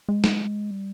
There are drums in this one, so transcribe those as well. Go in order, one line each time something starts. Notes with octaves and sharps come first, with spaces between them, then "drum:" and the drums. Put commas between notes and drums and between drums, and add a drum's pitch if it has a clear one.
G#3
drum: snare
G3